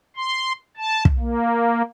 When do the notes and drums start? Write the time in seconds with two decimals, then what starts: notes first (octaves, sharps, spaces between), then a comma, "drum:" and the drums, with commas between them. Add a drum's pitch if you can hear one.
0.17 C6
0.77 A5
1.05 drum: kick
1.19 A#3